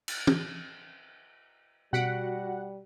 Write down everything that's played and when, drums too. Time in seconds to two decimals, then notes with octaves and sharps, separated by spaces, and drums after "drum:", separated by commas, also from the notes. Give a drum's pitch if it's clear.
0.08 drum: cymbal
0.27 drum: tom
1.93 B2 G3 F#4 F#5 B6 D7